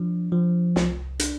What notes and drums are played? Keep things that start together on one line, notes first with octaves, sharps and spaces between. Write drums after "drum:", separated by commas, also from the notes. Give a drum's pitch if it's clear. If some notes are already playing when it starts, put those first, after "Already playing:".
Already playing: F3 D4
F3
C2, drum: snare
D4, drum: hi-hat